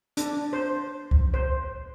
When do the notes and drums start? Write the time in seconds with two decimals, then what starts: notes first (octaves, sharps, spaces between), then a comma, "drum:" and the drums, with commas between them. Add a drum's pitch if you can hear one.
0.17 D4, drum: hi-hat
0.53 C5
1.11 drum: kick C2
1.34 C5